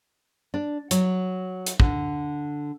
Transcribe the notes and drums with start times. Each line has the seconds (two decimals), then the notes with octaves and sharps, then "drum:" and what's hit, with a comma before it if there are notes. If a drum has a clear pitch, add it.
0.54 D4
0.91 F#3, drum: hi-hat
1.66 drum: hi-hat
1.80 D3, drum: kick